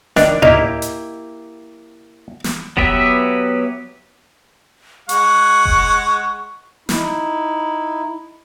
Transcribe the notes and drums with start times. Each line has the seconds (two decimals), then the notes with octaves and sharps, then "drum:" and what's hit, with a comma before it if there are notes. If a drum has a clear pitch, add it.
0.17 D#3 D4, drum: snare
0.42 A#3 D#4 E4 G4, drum: tom A2
0.82 drum: hi-hat
2.44 drum: snare
2.77 F#3 B3 G4 B4 E5, drum: kick F1
5.09 G#3 F#5 C#6, drum: hi-hat
5.65 drum: kick F1
6.89 D#4 E4, drum: snare